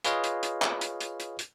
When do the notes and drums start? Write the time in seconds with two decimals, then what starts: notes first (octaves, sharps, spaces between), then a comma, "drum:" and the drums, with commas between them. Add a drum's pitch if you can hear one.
0.05 F4 G#4 B4 C#5 D#5 F5, drum: hi-hat
0.24 drum: hi-hat
0.43 drum: hi-hat
0.62 drum: clap
0.81 drum: hi-hat
1.01 drum: hi-hat
1.20 drum: hi-hat
1.39 drum: hi-hat